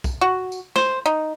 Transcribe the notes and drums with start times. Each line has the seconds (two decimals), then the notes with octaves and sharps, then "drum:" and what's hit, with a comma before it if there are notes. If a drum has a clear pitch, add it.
0.04 drum: kick, tambourine
0.21 F#4
0.52 drum: tambourine
0.76 C5, drum: snare
1.06 D#4